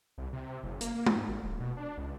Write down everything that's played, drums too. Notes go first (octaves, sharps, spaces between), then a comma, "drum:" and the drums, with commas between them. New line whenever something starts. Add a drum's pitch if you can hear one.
C2
C3
F#1
A#3, drum: hi-hat
A#3
drum: tom G#3
G#2
G#1
D1
B2
D4
C#2